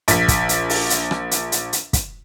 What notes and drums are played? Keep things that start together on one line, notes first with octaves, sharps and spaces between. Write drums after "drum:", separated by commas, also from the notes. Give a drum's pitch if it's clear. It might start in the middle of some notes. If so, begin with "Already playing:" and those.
A#1 B6, drum: hi-hat
drum: kick, hi-hat
drum: hi-hat
drum: open hi-hat
drum: hi-hat
drum: rim click
drum: hi-hat
drum: hi-hat
drum: hi-hat
drum: kick, hi-hat